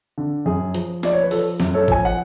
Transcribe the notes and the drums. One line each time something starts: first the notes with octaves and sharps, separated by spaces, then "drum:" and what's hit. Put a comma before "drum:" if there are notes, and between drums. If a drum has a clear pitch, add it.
D3
F#2 G#4
F3, drum: hi-hat
F3 D5, drum: snare
C#5
B4
F3 A4, drum: open hi-hat
F#2, drum: snare
A4 C#5
F3 G#5, drum: kick G#1
F#5